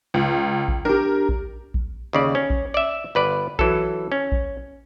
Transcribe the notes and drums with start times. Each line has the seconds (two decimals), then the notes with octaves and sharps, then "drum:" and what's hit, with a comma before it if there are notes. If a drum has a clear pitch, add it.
0.14 C#2
0.68 drum: kick A#1
0.85 D4 G4 A#4
1.29 drum: kick A#1
1.74 drum: kick A#1
2.13 D#2 C#3 D5
2.35 C#4
2.50 drum: kick A#1
2.74 D5 E5
3.15 G1 B4 D5
3.59 E3 F#3 A4, drum: kick A#1
4.12 C#4
4.32 drum: kick A#1